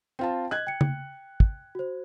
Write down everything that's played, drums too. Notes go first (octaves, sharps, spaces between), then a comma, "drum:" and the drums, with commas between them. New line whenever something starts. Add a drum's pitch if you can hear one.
C4 F4 G5 A5
D#5 F#6 G#6
G5 C#7
drum: tom C#3
drum: kick
F#4 C5